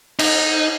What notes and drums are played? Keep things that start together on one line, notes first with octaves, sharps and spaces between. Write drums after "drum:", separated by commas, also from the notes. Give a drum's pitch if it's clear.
D#4, drum: cymbal